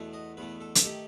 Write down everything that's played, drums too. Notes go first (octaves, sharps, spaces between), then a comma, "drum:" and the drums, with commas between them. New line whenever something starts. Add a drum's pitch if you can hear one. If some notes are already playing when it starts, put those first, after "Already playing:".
Already playing: E2 B2 A3
D#5
E2 B2 A3 B4
A4
A4, drum: hi-hat
D#3 A3 G4